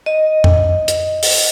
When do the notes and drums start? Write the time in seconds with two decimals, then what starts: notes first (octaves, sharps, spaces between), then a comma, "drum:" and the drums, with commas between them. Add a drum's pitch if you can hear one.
0.06 D#5
0.44 drum: tom F2
0.88 drum: hi-hat
1.23 drum: open hi-hat